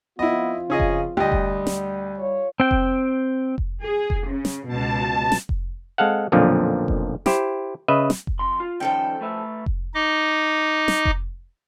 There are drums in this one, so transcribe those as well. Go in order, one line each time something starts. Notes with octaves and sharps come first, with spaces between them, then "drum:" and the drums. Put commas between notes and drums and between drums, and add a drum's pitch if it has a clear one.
F3 B3 C4 E4 F4 D#5
C#3 C#4 G#4 D#5
drum: kick F1
D2 G3 G4 D#5
drum: kick F1
drum: snare
F4 C#5
C4 G5
drum: kick F1
drum: kick F1
G#4
drum: kick F1
C#3
drum: snare
C#2 B2 A5
drum: snare
drum: kick F1
G#3 C4 A4 F5 F#5
B1 F2 A#2 D3 F3
drum: kick F1
E4 G4 C5, drum: snare
C#3 B4 D#5 E5
drum: snare
drum: kick F1
F#2 C6
F4
D#3 F3 G3 C#4 A4 G5
A3 B4 E5
drum: kick F1
D#4 D#5 D6
drum: snare
drum: kick F1